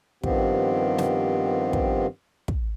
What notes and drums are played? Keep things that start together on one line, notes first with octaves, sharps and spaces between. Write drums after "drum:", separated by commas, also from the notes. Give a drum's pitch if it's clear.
G2 D#3 F3 B3 C4 G4, drum: kick
drum: snare
drum: kick
drum: kick